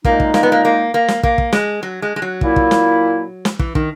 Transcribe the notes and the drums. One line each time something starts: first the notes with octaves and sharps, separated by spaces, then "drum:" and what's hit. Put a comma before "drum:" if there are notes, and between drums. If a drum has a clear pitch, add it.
A#2 G#3 A#3 D#4, drum: kick
drum: kick
A#3, drum: snare
B3
A#3
A#3
A#3
drum: snare
A#3, drum: kick
drum: kick
G#3, drum: snare
F#3
G#3
G#3
F#3
A#2 A#3 E4, drum: kick
drum: kick
drum: snare
drum: snare
E3, drum: kick
D#3, drum: kick